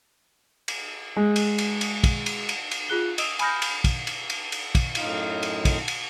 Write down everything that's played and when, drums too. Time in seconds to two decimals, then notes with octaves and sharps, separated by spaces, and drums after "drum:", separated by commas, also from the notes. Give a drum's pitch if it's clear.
0.68 drum: cymbal
1.17 G#3
1.36 drum: cymbal
1.58 drum: cymbal
1.81 drum: cymbal
2.04 drum: kick, cymbal
2.26 drum: cymbal
2.49 drum: cymbal
2.71 drum: cymbal
2.89 F4 G#4 F#6 G7
3.18 D#5 D#6 E6 D7 E7 F7, drum: cymbal
3.39 G#5 B5 D#6 F6 G6 A#6, drum: cymbal
3.62 drum: cymbal
3.84 drum: kick, cymbal
4.07 drum: cymbal
4.30 drum: cymbal
4.52 drum: cymbal
4.75 drum: kick, cymbal
4.95 F#2 A2 D#4 F4 F5, drum: cymbal
5.43 drum: cymbal
5.65 drum: kick, cymbal
5.88 drum: cymbal